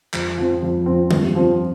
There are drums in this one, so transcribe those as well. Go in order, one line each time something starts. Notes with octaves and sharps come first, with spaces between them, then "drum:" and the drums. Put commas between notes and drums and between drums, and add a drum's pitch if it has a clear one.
F2, drum: clap
F3 C4
F2
F3 C4
G2, drum: tom D3
F3 C4